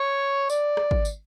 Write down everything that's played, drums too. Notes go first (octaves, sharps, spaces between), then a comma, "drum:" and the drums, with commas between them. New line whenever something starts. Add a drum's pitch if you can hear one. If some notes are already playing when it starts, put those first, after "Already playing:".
Already playing: C#5
D5, drum: tambourine
drum: rim click
drum: kick G#1
drum: tambourine